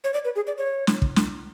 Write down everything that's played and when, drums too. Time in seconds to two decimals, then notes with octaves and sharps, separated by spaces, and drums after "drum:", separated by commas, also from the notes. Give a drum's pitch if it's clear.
0.04 C#5
0.14 D5
0.25 B4
0.36 G#4
0.47 D5
0.58 C#5
0.87 drum: snare
1.02 drum: kick
1.16 drum: snare